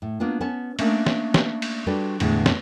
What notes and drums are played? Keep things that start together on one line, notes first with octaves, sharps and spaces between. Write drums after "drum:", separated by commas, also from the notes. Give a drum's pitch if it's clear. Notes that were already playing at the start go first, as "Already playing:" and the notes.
A2
A#3 B3 D4 F4
B3 C#4 C#5 A5
A3 A#3 C#4 D4, drum: cymbal
drum: snare
drum: snare
drum: cymbal
G3 D4 F#4 A4 B4
E2 A2 D3 G#3 B3, drum: cymbal
drum: snare